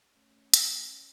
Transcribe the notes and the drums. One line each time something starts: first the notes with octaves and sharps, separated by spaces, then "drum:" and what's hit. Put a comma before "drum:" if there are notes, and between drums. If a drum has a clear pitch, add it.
A3 C#4
drum: hi-hat